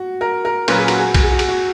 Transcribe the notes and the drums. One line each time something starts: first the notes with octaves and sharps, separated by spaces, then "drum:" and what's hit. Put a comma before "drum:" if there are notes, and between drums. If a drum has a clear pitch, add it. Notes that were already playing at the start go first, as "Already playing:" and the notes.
Already playing: F#4
A#4
A#4
A#2 F#3 C#4 F4 A#4 B4, drum: cymbal
G#4
F#4, drum: cymbal
G#4
F#4, drum: kick B1, cymbal
G#4
F#4
G#4, drum: cymbal
F#4